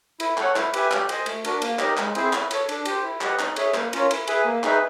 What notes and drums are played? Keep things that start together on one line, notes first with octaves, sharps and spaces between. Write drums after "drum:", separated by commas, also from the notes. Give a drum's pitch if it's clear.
E4, drum: cymbal
A4 C#5 F#5, drum: clap
E4, drum: clap
G4 B4 E5 G#5, drum: cymbal
G4, drum: clap
C5 D#5 G#5, drum: cymbal
A3, drum: cymbal
D4 F#4 A#4, drum: cymbal
A#3, drum: cymbal
D#4 G4 A#4 D#5, drum: clap
G#3, drum: clap
C4 E4 G#4 C5, drum: cymbal
E4, drum: clap
A4 C#5, drum: cymbal
D4, drum: cymbal
G4 C5, drum: cymbal
E4
G4 B4 D#5 F#5, drum: clap
D#4, drum: clap
G#4 C#5 E5, drum: cymbal
A#3, drum: clap
C#4 F4 A#4 C#5, drum: cymbal
E4, drum: cymbal
G#4 B4 E5 G#5, drum: cymbal
A#3
D#4 G#4 B4 E5, drum: clap